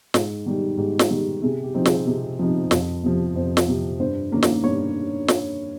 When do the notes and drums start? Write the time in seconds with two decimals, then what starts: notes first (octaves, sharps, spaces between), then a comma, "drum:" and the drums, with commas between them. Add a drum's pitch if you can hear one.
0.14 G#2, drum: snare
0.46 D#3 G3
0.77 G#2 G4
0.99 drum: snare
1.10 D#3 G3
1.42 C3 G#4
1.64 G4
1.74 F3 C4 D#4
1.85 G#4, drum: snare
2.06 C3 G#4
2.39 F3 C4 D#4
2.71 F2, drum: snare
3.03 C3 F3
3.35 F2 C5
3.57 drum: snare
3.68 C3 F3
4.00 G2 C5
4.32 D#3 A#3 C#4
4.43 drum: snare
4.64 G2 C#5
5.28 drum: snare